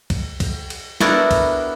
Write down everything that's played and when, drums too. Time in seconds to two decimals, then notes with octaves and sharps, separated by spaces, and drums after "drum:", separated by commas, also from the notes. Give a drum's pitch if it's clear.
0.10 drum: kick C2, cymbal
0.40 drum: kick C2, cymbal
0.70 drum: cymbal
1.01 B3 D4 E4 F#4 A4 A#4, drum: snare
1.31 drum: kick C2, cymbal